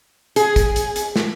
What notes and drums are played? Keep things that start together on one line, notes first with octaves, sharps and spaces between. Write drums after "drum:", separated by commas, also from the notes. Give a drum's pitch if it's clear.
G#4, drum: hi-hat
drum: kick, hi-hat
drum: hi-hat
drum: hi-hat
drum: snare